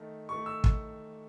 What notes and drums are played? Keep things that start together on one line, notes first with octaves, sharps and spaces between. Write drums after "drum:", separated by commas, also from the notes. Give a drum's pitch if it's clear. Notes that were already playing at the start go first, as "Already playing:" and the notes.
Already playing: D#3 A3
D#3 A3 C#6
E6
drum: kick